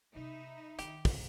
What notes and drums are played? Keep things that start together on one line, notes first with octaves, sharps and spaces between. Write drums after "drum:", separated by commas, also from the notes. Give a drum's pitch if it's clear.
C3 B3 D#4 E5 B5
D#3 E4 G4, drum: hi-hat
drum: kick, open hi-hat